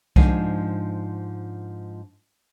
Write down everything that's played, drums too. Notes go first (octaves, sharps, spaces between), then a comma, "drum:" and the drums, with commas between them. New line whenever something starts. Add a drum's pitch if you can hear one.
G#2 F3 D4 G#5, drum: kick C2